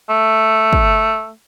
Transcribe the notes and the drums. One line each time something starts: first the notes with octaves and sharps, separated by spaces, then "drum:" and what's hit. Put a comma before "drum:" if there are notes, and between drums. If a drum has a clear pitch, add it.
A3
drum: kick